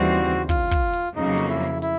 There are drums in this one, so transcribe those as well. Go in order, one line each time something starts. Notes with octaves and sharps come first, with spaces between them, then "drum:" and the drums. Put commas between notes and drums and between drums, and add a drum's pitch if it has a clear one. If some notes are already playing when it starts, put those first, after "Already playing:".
Already playing: D#2 C#3 E3 G3 C4 F#4
F4, drum: kick, hi-hat
drum: kick
drum: hi-hat
F2 C#3 F#3 A#3 D#4
drum: hi-hat
E4
E4, drum: hi-hat